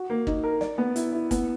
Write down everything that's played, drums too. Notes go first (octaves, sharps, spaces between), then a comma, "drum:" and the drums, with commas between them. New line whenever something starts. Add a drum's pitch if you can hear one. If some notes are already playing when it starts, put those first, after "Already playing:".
Already playing: F#4
A#3
D#4, drum: kick
A#4
D5, drum: snare
B3
E4, drum: hi-hat
E4
B3, drum: kick, hi-hat